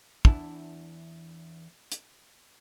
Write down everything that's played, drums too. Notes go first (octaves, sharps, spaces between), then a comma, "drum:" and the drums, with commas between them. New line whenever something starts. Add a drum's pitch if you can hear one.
E2 D4 E4 A5, drum: kick
drum: hi-hat